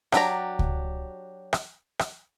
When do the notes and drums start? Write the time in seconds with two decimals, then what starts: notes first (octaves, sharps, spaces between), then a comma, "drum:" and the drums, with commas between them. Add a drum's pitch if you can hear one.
0.12 F#3 D4 G4 A#5, drum: rim click
0.59 drum: kick C#2
1.53 drum: rim click
1.99 drum: rim click